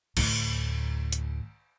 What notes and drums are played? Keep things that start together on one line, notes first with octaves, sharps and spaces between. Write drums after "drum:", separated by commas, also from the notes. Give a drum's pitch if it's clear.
D2 A2, drum: cymbal
drum: hi-hat